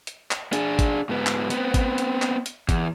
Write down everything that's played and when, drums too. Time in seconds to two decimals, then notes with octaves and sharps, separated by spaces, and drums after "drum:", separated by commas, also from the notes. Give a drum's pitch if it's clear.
0.07 drum: hi-hat
0.31 drum: clap
0.53 D4 G#4, drum: hi-hat
0.79 drum: kick G#1, hi-hat
1.09 G#2 B3
1.26 drum: clap
1.50 B3 C4, drum: hi-hat
1.74 drum: kick G#1, hi-hat
1.98 drum: hi-hat
2.22 drum: clap
2.46 drum: hi-hat
2.69 E2, drum: kick G#1, hi-hat